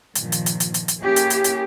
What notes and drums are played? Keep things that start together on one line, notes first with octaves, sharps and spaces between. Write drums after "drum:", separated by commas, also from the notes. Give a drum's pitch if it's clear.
G2 A#2 D#3 F3, drum: hi-hat
drum: hi-hat
drum: hi-hat
drum: hi-hat
drum: hi-hat
drum: hi-hat
A#3 C#4 E4 G4 G#4
drum: hi-hat
drum: hi-hat
drum: hi-hat